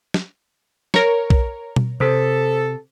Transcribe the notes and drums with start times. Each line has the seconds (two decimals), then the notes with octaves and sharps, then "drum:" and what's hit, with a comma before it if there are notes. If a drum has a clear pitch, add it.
0.14 drum: snare
0.94 A#4 C#5 A#5, drum: snare
1.30 drum: kick
1.76 drum: tom B2
2.00 C3 A4 C5 D#6 B6